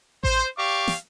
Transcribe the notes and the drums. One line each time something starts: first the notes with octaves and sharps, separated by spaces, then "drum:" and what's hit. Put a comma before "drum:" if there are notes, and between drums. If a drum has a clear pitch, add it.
C5, drum: kick A1
G4 D5 F5 C#6 D6
drum: snare